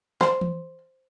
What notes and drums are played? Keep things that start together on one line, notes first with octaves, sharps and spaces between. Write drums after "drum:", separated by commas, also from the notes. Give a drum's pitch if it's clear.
C5, drum: snare
drum: tom E3